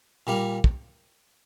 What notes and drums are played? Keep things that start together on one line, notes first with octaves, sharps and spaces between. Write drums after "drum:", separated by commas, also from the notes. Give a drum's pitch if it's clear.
A#2 G3 A#3
drum: kick